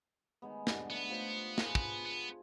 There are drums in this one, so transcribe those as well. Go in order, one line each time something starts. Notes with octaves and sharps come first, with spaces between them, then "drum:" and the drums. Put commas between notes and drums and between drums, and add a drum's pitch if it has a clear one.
D#3 G#3 B3
D3 G3, drum: snare
A3 B3
F4 C5 D#5
F4 G#4, drum: snare
drum: kick
B3